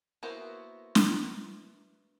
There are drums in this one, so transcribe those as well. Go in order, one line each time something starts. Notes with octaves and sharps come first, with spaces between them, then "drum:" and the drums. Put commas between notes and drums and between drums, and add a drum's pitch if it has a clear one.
A#3 B3 E4 F#4 C5
drum: snare